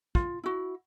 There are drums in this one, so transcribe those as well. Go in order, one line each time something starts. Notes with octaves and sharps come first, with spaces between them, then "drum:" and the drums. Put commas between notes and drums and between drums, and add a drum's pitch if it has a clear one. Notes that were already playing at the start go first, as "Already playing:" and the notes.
F4, drum: kick
E4 F#4